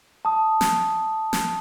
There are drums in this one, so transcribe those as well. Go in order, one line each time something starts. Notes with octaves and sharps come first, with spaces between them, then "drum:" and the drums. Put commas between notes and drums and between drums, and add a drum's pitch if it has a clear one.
A5 D#6
drum: snare
drum: snare